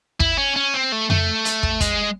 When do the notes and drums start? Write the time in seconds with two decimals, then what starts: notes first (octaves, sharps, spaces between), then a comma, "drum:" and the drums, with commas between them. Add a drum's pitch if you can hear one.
0.20 E4, drum: kick
0.38 C#4
0.56 C#4
0.74 C4
0.92 A3
1.10 A3, drum: tom F2
1.45 drum: hi-hat
1.63 drum: kick
1.80 G#3, drum: kick, hi-hat